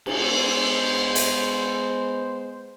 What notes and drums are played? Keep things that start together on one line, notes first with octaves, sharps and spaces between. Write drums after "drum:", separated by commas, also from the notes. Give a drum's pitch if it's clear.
drum: cymbal
G#3 B3 C5
drum: hi-hat